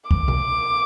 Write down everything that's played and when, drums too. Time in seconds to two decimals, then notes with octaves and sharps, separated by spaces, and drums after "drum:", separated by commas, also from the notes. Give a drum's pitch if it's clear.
0.11 D6, drum: kick
0.28 drum: tom B2